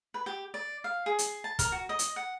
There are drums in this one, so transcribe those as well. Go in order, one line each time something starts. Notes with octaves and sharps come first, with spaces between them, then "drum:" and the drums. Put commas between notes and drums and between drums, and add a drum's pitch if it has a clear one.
B4
G4
D5
F5
G#4
drum: hi-hat
A5
A#4, drum: kick, hi-hat
F#4
D#5
drum: hi-hat
F#5